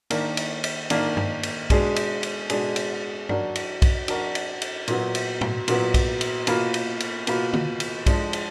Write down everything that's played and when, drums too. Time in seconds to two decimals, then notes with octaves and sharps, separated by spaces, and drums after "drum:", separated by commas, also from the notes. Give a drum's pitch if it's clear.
0.10 D#3 A#3 D4, drum: cymbal
0.37 drum: cymbal
0.64 drum: cymbal
0.90 D#3 A#3 D4, drum: cymbal
1.17 drum: tom G2
1.43 drum: cymbal
1.70 B2 G#3 D4 G#4, drum: kick B1, cymbal
1.96 drum: cymbal
2.23 drum: cymbal
2.50 B2 G#3 D4 G#4, drum: cymbal
2.76 drum: cymbal
3.29 F#3 D4 F#4 A#4 D5, drum: tom G2
3.55 drum: cymbal
3.82 drum: kick B1, cymbal
4.08 F#3 D4 F#4 A#4 D5, drum: cymbal
4.35 drum: cymbal
4.62 drum: cymbal
4.88 A#2 F#3 B3, drum: cymbal
5.15 drum: cymbal
5.41 drum: tom
5.68 A#2 F#3 B3, drum: cymbal
5.94 drum: kick B1, cymbal
6.21 drum: cymbal
6.47 B2 A#3 F4 B4, drum: cymbal
6.74 drum: cymbal
7.00 drum: cymbal
7.27 B2 A#3 F4 B4, drum: cymbal
7.53 drum: tom D3
7.80 drum: cymbal
8.06 F3 G#3 D4, drum: kick B1, cymbal
8.33 drum: cymbal